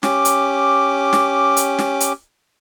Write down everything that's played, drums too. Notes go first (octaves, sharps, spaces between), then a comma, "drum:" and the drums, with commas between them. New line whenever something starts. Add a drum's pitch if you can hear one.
C#4 G4 D6, drum: snare
drum: hi-hat
drum: snare
drum: hi-hat
drum: snare
drum: hi-hat